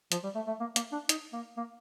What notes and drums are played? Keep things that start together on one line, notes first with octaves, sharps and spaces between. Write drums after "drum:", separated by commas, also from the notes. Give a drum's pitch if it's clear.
F3, drum: hi-hat
G3
A3
A3
A#3
A#3, drum: hi-hat
D4
D#4, drum: hi-hat
A#3
A#3